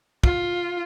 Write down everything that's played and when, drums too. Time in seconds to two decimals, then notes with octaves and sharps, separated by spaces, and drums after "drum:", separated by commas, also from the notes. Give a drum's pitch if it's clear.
0.24 F4, drum: kick